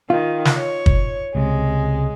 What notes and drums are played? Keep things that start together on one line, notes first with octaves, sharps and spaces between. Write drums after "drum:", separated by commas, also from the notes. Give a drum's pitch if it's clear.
D#3 F4
drum: snare
C#5
drum: kick
C#2 C3 G#3